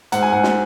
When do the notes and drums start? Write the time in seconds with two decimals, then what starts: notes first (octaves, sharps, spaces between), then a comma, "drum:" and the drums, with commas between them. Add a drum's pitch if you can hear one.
0.12 G#2 F#5, drum: hi-hat
0.22 G#5
0.33 G#2 F#5
0.43 drum: snare